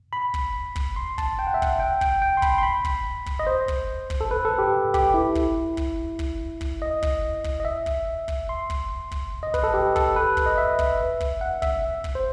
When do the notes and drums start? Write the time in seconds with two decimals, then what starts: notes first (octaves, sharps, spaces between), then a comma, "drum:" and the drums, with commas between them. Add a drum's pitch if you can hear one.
0.13 B5
0.34 drum: kick
0.76 drum: kick
0.96 C6
1.18 A5, drum: kick
1.39 G5
1.47 F#5
1.54 E5
1.62 F#5, drum: kick
1.80 G5
2.01 G5, drum: kick
2.22 G5
2.37 C6
2.42 B5, drum: kick
2.58 C6
2.63 B5
2.85 drum: kick
3.26 drum: kick
3.39 D#5
3.47 C5
3.68 drum: kick
4.10 drum: kick
4.21 A4
4.31 B4
4.45 A4
4.59 G4
4.94 G4, drum: kick
5.14 E4
5.35 drum: kick
5.77 drum: kick
6.19 drum: kick
6.61 drum: kick
6.82 D#5
7.02 drum: kick
7.44 drum: kick
7.60 D#5
7.65 E5
7.86 drum: kick
8.28 drum: kick
8.49 C6
8.70 drum: kick
9.11 drum: kick
9.43 D#5
9.54 B4, drum: kick
9.64 A4
9.74 G4
9.96 A4, drum: kick
10.16 B4
10.37 drum: kick
10.46 D#5
10.58 E5
10.79 drum: kick
11.20 drum: kick
11.41 F#5
11.62 E5, drum: kick
12.04 drum: kick
12.15 C5